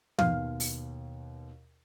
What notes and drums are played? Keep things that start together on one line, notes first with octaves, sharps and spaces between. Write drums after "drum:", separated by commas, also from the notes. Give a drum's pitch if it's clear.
D#2 B2 F5, drum: tom
drum: open hi-hat